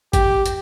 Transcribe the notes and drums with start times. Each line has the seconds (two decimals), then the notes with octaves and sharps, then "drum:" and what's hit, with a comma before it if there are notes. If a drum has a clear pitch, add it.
0.13 G4, drum: kick G#1, hi-hat
0.46 drum: hi-hat